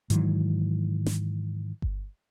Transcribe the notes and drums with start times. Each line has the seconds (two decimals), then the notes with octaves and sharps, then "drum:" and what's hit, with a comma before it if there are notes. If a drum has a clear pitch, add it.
0.10 G#2 D#3 E3 F#3, drum: hi-hat
1.06 drum: snare
1.82 drum: kick G1